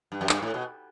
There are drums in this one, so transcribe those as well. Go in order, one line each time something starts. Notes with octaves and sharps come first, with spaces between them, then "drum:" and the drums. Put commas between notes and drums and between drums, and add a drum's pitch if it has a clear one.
G2
F#2
G2, drum: clap
A2
B2